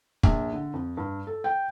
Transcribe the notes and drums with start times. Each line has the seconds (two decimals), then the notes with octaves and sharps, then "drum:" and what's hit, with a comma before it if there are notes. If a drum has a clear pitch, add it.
0.23 A#1, drum: kick
0.53 D3
0.74 F2
0.97 G2
1.27 A4
1.44 G5